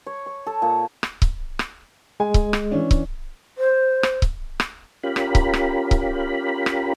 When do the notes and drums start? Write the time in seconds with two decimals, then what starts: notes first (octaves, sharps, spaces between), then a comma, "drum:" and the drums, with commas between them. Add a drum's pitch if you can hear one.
0.07 C#5
0.26 C#6
0.47 A4
0.62 A#2
1.03 drum: rim click
1.22 drum: kick C#1
1.59 drum: rim click
2.20 G#3 G#5
2.34 drum: kick C#1
2.53 drum: rim click
2.71 E3 C#4 D4
2.91 drum: kick C#1
3.58 C5
4.03 drum: rim click
4.22 drum: kick C#1
4.60 drum: rim click
5.03 C#4 F4 G4 A#4 B5
5.16 drum: rim click
5.35 drum: kick C#1
5.53 drum: rim click
5.91 drum: kick C#1
6.66 drum: rim click